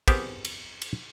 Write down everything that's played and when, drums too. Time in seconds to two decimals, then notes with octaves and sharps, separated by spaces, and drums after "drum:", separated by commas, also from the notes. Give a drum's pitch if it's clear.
0.08 B3 C4 G4 G#4 A#4 C5, drum: kick, cymbal
0.45 drum: cymbal
0.82 drum: cymbal